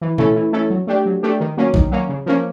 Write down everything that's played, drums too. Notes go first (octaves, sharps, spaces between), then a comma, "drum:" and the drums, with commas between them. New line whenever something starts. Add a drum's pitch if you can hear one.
E3
A3 C#4 E4 A4, drum: tom A#2
E3
A3 C#4 E4 A4
F#3
A3 D4 G4
F#3
A3 D4 G4
D#3
F#3 A#3 C#4
D#3, drum: kick
F#3 A#3 C#4
C#3
F3 A#3 C#4